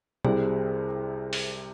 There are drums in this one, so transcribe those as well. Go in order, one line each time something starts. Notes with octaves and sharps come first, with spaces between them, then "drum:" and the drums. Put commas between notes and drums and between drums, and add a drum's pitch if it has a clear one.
C2 C3 G3 G#4 C5, drum: tom
drum: open hi-hat